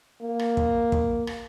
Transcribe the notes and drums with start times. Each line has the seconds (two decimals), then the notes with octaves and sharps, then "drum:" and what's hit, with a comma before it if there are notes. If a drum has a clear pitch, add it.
0.22 A#3
0.39 drum: rim click
0.57 drum: kick
0.92 drum: kick
1.27 drum: rim click